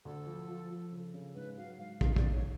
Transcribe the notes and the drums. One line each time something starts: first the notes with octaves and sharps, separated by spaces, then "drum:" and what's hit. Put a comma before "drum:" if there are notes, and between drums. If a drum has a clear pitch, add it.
D2 A4
F3
F3
F3
C#3
C#3
G#2 B4
F#3 F5
G#2 F5
G#2 F5, drum: kick
D5, drum: kick
G#2
C#5